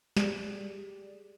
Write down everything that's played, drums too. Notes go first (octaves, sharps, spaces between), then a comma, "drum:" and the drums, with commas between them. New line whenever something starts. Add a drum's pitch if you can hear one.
G4 G#4 D5, drum: snare